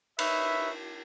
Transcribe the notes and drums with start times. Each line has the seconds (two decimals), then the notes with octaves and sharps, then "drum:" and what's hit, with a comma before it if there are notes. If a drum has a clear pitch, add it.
0.19 D#4 B4 C#5 E5, drum: cymbal